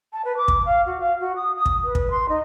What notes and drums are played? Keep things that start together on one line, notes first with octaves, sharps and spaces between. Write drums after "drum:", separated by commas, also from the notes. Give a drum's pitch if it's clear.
A5
B4
D6
drum: kick
F5
F#4
F5
F#4
D#6
D#6
drum: kick
B4
drum: kick
C6
D#4